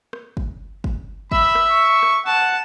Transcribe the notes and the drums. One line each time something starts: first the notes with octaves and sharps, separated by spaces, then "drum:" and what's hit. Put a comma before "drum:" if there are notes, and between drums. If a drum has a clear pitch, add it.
drum: rim click
drum: kick
drum: kick
E5 B5, drum: kick
drum: rim click
C#6
drum: rim click
F#5 A5